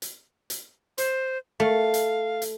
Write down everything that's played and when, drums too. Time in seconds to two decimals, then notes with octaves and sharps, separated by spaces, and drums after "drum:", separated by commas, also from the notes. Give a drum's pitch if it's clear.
0.02 drum: hi-hat
0.50 drum: hi-hat
0.98 C5, drum: hi-hat
1.60 A3 F5
1.94 drum: hi-hat
2.42 drum: hi-hat